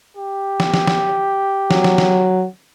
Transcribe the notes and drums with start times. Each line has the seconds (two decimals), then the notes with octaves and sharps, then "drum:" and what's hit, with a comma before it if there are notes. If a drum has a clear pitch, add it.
0.17 G4
0.60 drum: snare
0.74 drum: snare
0.87 drum: snare
1.71 F#3, drum: snare
1.84 drum: snare
1.98 drum: snare